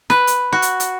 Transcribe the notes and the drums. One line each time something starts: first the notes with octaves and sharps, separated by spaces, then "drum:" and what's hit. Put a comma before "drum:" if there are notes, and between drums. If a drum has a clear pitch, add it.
B4, drum: snare
drum: hi-hat
F#4
drum: hi-hat
drum: hi-hat